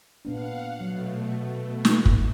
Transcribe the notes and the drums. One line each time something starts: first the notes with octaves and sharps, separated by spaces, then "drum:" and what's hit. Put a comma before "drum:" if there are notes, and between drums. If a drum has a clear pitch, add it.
A#2 B3 D4 F5 F#5
B2 F#3 A3
drum: snare
drum: kick